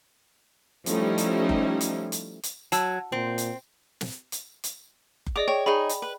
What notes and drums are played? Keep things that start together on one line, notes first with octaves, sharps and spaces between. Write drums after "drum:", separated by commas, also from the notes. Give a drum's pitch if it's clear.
F3 G3 A3 C#4 D#4 E4, drum: hi-hat
drum: hi-hat
drum: kick F#1
drum: hi-hat
drum: hi-hat
drum: hi-hat
F#3 A5 E6, drum: hi-hat
A#2 C4
drum: hi-hat
drum: snare
drum: hi-hat
drum: hi-hat
drum: kick F#1
G#4 D5 D#5 D6
C#5 G5
D#4 G#4 C#5 B5
drum: hi-hat
B4